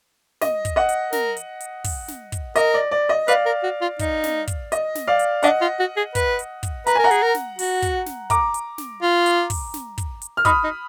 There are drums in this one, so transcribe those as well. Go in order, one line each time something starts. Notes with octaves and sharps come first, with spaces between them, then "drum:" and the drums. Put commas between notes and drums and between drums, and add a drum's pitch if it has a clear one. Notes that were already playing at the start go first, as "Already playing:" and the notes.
D#5, drum: snare
drum: kick, hi-hat
D#5 F#5
drum: hi-hat
A#4, drum: snare
drum: hi-hat
drum: hi-hat
drum: kick, open hi-hat
drum: snare
drum: kick, hi-hat
A#4 D#5, drum: hi-hat
D5
D5
D#5
B4 D5 F5, drum: hi-hat
A#4
F#4
F4
D#4, drum: kick, hi-hat
drum: snare
drum: kick, hi-hat
D#5, drum: hi-hat
drum: snare
D5 F5
drum: hi-hat
D4 D#5 F#5, drum: hi-hat
F4
F#4
G#4
B4, drum: kick, hi-hat
drum: hi-hat
drum: kick, hi-hat
B4 A#5, drum: hi-hat
A#4 G#5
F#5 A#5
G#4, drum: hi-hat
A#4
drum: snare
F#4, drum: open hi-hat
drum: kick, hi-hat
drum: snare
A#5 D6, drum: kick, hi-hat
drum: hi-hat
drum: snare
F4
drum: hi-hat
drum: kick, open hi-hat
drum: snare
drum: kick, hi-hat
drum: hi-hat
F6
D#4 B5 D#6, drum: kick, hi-hat
D#4